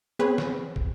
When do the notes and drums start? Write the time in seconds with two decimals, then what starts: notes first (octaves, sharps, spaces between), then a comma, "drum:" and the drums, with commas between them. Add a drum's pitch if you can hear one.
0.19 B3 C4 G#4 B4 C#5
0.38 drum: snare
0.76 drum: kick